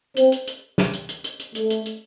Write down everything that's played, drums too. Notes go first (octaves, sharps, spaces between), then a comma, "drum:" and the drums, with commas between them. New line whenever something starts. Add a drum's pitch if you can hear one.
C4, drum: hi-hat
drum: hi-hat
drum: hi-hat
drum: snare
drum: hi-hat
drum: hi-hat
drum: hi-hat
drum: hi-hat
A3, drum: hi-hat
drum: hi-hat
drum: hi-hat